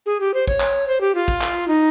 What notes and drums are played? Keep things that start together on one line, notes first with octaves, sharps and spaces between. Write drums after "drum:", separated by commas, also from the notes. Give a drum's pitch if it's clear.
G#4
G4
C5
C#5, drum: kick
drum: clap
C5
G4
F4
drum: kick
drum: clap
D#4